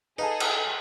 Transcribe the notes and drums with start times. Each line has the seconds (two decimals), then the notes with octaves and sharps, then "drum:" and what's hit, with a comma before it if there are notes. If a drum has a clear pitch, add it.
0.19 D#4 G#4 A4 B4 F5 A5
0.40 drum: cymbal